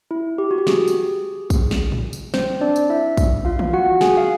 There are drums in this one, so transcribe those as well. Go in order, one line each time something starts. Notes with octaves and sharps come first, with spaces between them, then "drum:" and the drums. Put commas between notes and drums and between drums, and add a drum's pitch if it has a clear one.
E4
G4
F#4
G4
G#4, drum: snare
drum: tambourine
drum: kick, tambourine
drum: snare
drum: tom A2
drum: tambourine
C4 C5, drum: snare
D4 D5
drum: tambourine
E4 E5
drum: kick, tambourine
F4 F5
drum: tom D#3
F#4 F#5
G#4 G#5, drum: snare
F5